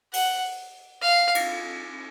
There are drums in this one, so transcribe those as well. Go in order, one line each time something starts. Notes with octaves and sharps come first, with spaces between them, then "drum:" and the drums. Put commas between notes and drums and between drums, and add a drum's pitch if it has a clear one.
F#5, drum: open hi-hat
F5
drum: cymbal